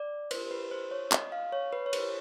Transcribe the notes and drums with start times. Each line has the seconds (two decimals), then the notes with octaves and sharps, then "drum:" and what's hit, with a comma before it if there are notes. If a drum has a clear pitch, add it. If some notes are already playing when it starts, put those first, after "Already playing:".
Already playing: D5
0.31 C5, drum: cymbal
0.51 B4
0.71 C5
0.91 C#5
1.12 D#5, drum: clap
1.32 F5
1.52 C#5
1.73 B4
1.86 C#5
1.93 C5, drum: cymbal